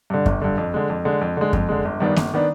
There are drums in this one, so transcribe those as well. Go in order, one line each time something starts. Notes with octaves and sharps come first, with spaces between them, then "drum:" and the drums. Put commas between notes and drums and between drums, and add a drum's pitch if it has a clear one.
G2 D3
G1, drum: kick F#2
G2 D3
F2
D3 G#3
F2
D3 G#3
F2
D3 G#3
F2, drum: kick F#2
D3 G#3
G1
G2 D#3 B3 D4
G1, drum: snare A#3
D#3 B3 D4